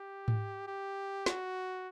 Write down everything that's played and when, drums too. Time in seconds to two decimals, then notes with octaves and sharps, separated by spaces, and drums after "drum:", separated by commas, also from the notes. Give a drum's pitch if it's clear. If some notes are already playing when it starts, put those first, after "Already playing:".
Already playing: G4
0.28 drum: tom G#2
0.67 G4
1.26 F#4, drum: snare